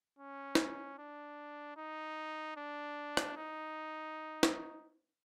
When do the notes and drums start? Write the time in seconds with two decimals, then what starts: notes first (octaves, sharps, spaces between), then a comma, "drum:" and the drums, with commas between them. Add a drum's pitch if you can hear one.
0.19 C#4
0.55 drum: snare
0.98 D4
1.77 D#4
2.57 D4
3.17 drum: rim click
3.37 D#4
4.43 drum: snare